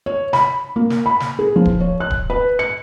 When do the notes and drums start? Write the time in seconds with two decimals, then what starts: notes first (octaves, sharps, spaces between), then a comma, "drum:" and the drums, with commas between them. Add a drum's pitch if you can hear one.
0.06 C#5
0.33 B5, drum: snare
0.76 A#3
0.90 drum: snare
1.06 B5
1.20 drum: snare
1.39 G#4
1.56 F3
1.65 drum: kick D1
1.80 C#5
2.00 F#6
2.10 drum: kick D1
2.30 B4
2.59 C#7